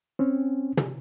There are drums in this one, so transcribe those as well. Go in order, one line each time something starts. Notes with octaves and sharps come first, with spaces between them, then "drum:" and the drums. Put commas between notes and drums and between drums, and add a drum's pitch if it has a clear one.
C4 C#4
drum: tom